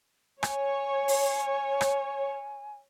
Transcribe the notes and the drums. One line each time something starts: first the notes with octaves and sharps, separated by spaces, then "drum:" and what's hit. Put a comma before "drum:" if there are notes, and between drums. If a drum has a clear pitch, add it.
C#5 G#5, drum: rim click
drum: open hi-hat
drum: rim click